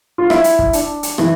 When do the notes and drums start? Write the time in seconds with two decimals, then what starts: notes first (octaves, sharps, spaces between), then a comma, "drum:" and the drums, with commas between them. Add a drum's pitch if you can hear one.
0.18 F4
0.30 E4, drum: rim click
0.44 drum: hi-hat
0.59 drum: kick
0.73 D4, drum: hi-hat
1.03 drum: hi-hat
1.18 E3, drum: rim click